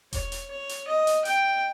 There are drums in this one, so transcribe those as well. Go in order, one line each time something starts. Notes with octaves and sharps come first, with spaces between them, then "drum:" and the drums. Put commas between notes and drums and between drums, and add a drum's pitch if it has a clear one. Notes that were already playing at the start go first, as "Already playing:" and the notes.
C#5, drum: kick E1, hi-hat
drum: hi-hat
C#5
drum: hi-hat
D#5
drum: hi-hat
G5, drum: hi-hat